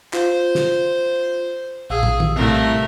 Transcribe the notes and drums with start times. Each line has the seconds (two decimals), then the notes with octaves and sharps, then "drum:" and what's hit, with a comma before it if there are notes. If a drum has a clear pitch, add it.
0.13 F4 C5, drum: clap
0.55 drum: snare
1.90 A#1 G#4 F5 E6
2.03 drum: tom
2.20 drum: tom D#3
2.36 C2 A2 A3 A#4